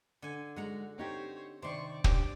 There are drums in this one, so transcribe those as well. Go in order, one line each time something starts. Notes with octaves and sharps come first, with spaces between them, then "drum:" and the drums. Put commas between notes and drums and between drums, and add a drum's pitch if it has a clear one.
D3 G#5
G#3 D#4 F#4 F#5 A#5
C4 D#4 G4 C5 C#5
C3 D#3 C5 D5 C6 C#6
C#4 D4 G4 C5 D5, drum: kick